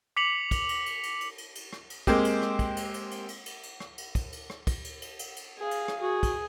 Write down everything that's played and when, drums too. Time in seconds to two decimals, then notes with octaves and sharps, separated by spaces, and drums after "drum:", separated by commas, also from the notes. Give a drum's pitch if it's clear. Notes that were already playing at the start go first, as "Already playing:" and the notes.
0.17 D6 B6 C#7 F7 F#7
0.51 drum: kick, cymbal
0.69 drum: cymbal
0.86 drum: cymbal
1.03 drum: cymbal
1.21 drum: cymbal
1.38 drum: cymbal
1.55 drum: cymbal
1.73 drum: rim click
1.90 drum: cymbal
2.07 G#3 A#3 C4 G4, drum: kick, cymbal
2.25 drum: cymbal
2.42 drum: rim click
2.59 drum: kick, cymbal
2.77 drum: cymbal
2.94 drum: cymbal
3.11 drum: cymbal
3.28 drum: cymbal
3.46 drum: cymbal
3.63 drum: cymbal
3.80 drum: rim click
3.98 drum: cymbal
4.15 drum: kick, cymbal
4.32 drum: cymbal
4.50 drum: rim click
4.67 drum: kick, cymbal
4.84 drum: cymbal
5.02 drum: cymbal
5.19 drum: cymbal
5.36 drum: cymbal
5.59 G#4 F5
5.71 drum: cymbal
5.88 drum: rim click
6.01 F#4 G#4
6.23 drum: kick, cymbal